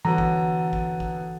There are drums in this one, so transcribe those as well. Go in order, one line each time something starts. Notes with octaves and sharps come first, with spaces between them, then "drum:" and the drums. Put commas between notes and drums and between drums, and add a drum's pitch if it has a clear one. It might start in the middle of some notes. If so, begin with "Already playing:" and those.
D3 E3 F#3 B3 A4 A#5
drum: kick G#1
drum: kick G#1
drum: kick G#1